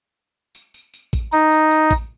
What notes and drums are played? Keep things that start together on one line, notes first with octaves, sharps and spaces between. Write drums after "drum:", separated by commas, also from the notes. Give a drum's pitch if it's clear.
drum: tambourine
drum: tambourine
drum: tambourine
drum: kick A1, tambourine
D#4, drum: tambourine
drum: tambourine
drum: tambourine
drum: kick A1, tambourine